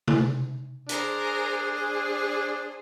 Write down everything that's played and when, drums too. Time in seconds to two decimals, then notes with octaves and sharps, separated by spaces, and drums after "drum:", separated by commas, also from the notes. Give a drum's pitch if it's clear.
0.07 drum: tom C3
0.89 D4 G#4 A#4 C5, drum: hi-hat
1.73 G#4 C5